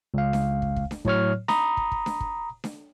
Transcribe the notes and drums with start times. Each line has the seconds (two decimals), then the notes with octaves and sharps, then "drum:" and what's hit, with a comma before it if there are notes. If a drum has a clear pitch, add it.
0.14 C#2 F5
0.33 drum: snare D4
0.62 drum: kick
0.76 drum: kick
0.91 drum: snare D4
1.05 A2 F#3 C#5 F6, drum: kick
1.48 A#5 B5 D#6, drum: snare D4
1.77 drum: kick
1.92 drum: kick
2.06 drum: snare D4
2.20 drum: kick
2.64 drum: snare D4